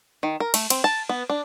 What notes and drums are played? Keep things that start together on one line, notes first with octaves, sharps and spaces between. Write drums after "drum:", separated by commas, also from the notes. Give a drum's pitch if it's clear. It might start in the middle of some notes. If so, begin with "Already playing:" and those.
D#3
A#4
A3, drum: cymbal
C4, drum: cymbal
A5
B3
D4